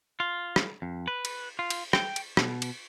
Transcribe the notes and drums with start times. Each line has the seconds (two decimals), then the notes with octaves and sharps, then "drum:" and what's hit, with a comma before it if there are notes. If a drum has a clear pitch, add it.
0.20 F4
0.56 drum: rim click
0.82 F2
1.08 B4
1.25 drum: cymbal
1.59 F4
1.70 drum: cymbal
1.93 G5, drum: rim click
2.16 drum: cymbal
2.37 B2, drum: rim click
2.62 drum: cymbal